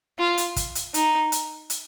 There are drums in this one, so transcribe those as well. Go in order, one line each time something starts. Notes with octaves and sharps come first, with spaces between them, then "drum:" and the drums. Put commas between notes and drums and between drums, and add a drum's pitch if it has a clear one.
F4
drum: hi-hat
drum: kick, hi-hat
drum: hi-hat
D#4, drum: hi-hat
drum: hi-hat
drum: hi-hat